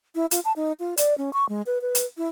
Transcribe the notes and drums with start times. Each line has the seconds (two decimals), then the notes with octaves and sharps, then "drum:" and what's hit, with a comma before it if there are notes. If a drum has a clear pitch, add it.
0.15 E4
0.31 F4, drum: hi-hat
0.45 A5
0.56 D#4
0.80 F4
0.97 D5, drum: hi-hat
1.18 C#4
1.33 C#6
1.49 G#3
1.66 B4
1.82 B4
1.95 drum: hi-hat
2.17 E4